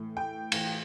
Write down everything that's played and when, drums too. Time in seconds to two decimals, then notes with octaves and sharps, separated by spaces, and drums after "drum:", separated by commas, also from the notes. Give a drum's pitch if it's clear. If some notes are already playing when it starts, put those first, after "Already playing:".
Already playing: A2 E3
0.17 G5
0.52 A2 E3, drum: cymbal